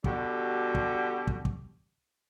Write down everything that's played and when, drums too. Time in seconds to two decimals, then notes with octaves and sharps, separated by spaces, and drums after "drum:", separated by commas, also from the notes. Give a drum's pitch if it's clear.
0.04 B2 D3 G3 F#4 G4, drum: kick
0.75 drum: kick
1.27 drum: kick
1.45 drum: kick